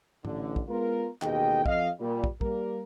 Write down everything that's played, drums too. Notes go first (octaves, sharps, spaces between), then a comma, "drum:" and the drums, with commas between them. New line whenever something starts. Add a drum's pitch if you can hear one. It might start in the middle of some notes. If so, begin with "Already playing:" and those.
A1 D3, drum: tom
drum: kick
G#3 B3 F4 A#4
A1 D#2 B2 G#4 D#5 G5, drum: clap
F2 D#5 F5, drum: kick
A#2 G3
drum: kick
G3 A#3 A#4, drum: kick